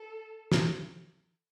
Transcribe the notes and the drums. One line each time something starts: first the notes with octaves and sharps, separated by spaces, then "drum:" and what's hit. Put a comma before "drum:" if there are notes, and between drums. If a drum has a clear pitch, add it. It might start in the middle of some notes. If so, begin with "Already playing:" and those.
Already playing: A4
drum: snare